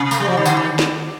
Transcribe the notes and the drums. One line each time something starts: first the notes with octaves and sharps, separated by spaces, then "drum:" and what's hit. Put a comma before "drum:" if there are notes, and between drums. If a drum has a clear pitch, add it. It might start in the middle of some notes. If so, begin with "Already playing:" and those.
Already playing: C3
A3, drum: tambourine
G3
F3
D#3
D3, drum: tambourine
D#3
drum: snare